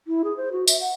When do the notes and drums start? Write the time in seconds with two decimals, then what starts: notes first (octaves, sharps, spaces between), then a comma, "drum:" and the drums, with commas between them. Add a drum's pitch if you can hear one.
0.07 E4
0.24 G#4
0.37 C5
0.52 F#4
0.67 E5, drum: tambourine
0.80 F#5